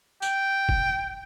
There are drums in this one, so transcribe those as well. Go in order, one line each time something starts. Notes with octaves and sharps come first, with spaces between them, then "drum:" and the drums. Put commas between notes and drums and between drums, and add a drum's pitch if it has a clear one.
G5, drum: tambourine
drum: kick